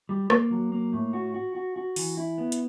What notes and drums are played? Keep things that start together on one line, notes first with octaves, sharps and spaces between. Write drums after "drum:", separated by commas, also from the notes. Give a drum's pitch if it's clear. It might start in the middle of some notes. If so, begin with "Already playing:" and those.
G3
A#3, drum: rim click
F#3
A#3
A2
F#4
F#4
F#4
F#4
E3, drum: open hi-hat
E4
B3
drum: hi-hat